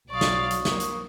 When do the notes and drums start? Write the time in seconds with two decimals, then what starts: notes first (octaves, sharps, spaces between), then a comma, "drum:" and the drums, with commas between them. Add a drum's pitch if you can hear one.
0.10 B1 F#3 D5 F5 C#6 D#6
0.21 drum: snare
0.51 drum: hi-hat
0.65 A#3, drum: snare
0.80 drum: hi-hat